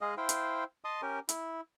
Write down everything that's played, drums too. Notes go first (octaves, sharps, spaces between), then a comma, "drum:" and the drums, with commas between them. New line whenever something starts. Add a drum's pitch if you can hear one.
G#3 G#4 D#5 F5
E4 C5 F5 G5
drum: hi-hat
D#5 A5 C6 D#6
C#4 G4 A#4
E4, drum: hi-hat